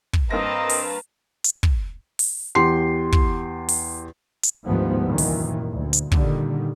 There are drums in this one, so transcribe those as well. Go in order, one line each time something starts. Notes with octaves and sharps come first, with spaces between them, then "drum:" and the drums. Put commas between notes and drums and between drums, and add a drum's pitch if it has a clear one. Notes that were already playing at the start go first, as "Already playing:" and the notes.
drum: kick
G2 A#3 C4 B4 D#5 A5 A#5 A#6
drum: open hi-hat
drum: hi-hat
drum: kick
drum: open hi-hat
E2 G4 C6 C7
drum: kick
drum: open hi-hat
drum: hi-hat
D2 G#2 D#3 F3 G3 B3
C2 F#2 A#2 D#3 E3
drum: open hi-hat
D2
drum: hi-hat
A#2 D3 D#3 G3, drum: kick